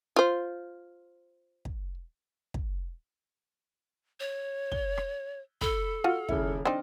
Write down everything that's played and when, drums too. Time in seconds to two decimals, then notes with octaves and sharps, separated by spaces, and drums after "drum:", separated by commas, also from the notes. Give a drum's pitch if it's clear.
0.16 F4 C5
1.65 drum: kick
2.54 drum: kick
4.20 C#5
4.72 G7, drum: kick
4.97 drum: rim click
5.61 A4 B5, drum: kick
6.04 F4 F#4 F6
6.29 D#1 C#3 E4, drum: kick
6.65 C4 D4 D#4 D5 D#5